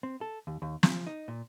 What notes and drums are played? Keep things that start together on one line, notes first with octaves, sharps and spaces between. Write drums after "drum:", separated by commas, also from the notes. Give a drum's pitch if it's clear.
C4
A4
D#2
D#2
F3, drum: snare
D#4
A#2